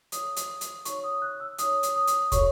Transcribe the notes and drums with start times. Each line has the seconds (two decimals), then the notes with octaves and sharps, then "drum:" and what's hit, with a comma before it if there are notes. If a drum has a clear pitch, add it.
0.12 E4 A4 C#5 D#6, drum: hi-hat
0.37 drum: hi-hat
0.61 drum: hi-hat
0.85 D#4 F#4 C#5 C#6, drum: hi-hat
1.04 D#6
1.22 F#6
1.40 E6
1.58 D#4 F#4 C#5 D#6, drum: hi-hat
1.83 drum: hi-hat
1.96 D#6
2.07 drum: hi-hat
2.32 F#4 A4 C#5 C#6, drum: kick, hi-hat